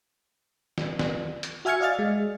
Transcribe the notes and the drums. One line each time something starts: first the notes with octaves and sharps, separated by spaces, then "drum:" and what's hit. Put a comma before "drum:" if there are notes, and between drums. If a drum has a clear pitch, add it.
drum: snare
drum: snare
drum: hi-hat
F#4 E5 G#5 F6 G#6 C#7
D5 D#5 F5 F6 A6
G#3